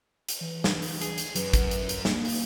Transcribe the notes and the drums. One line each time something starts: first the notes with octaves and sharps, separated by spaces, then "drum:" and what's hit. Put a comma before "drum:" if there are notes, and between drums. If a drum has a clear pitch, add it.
drum: hi-hat
E3
drum: snare
drum: open hi-hat
G#4, drum: hi-hat
drum: hi-hat
F#2 B4, drum: hi-hat
drum: kick, hi-hat
drum: hi-hat
drum: hi-hat
A#3, drum: snare
drum: open hi-hat